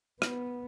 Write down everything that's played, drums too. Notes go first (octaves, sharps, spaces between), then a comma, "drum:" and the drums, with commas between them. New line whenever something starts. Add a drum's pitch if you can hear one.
B3, drum: rim click